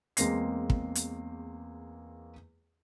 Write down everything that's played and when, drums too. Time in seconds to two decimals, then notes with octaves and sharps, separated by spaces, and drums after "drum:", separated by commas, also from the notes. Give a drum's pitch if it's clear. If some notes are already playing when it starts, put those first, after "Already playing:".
0.17 E2 G#3 A#3 C4 A#6 C7, drum: hi-hat
0.70 drum: kick
0.95 drum: hi-hat